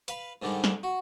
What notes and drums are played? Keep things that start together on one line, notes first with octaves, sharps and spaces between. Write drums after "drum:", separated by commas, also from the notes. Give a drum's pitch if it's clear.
B4 F5 B5, drum: hi-hat
G#2 D3 D#3 G3 G#3
drum: snare
F#4